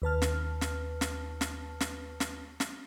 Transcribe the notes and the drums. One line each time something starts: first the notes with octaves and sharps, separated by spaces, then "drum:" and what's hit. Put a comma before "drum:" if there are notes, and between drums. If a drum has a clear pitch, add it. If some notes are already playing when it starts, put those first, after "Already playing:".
D#2 B4 A5 F6
drum: snare
drum: snare
drum: snare
drum: snare
drum: snare
drum: snare
drum: snare